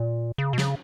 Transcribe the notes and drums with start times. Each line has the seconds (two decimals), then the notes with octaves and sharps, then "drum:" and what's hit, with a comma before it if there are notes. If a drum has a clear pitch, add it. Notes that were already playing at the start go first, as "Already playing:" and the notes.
Already playing: A#2
0.38 C#3
0.53 B2
0.58 C#3, drum: snare